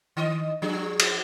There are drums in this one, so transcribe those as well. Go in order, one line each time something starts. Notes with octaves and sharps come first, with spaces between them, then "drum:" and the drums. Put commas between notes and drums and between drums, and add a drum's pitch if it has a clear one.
D#3 D#5
F3 D4 G#4
drum: cymbal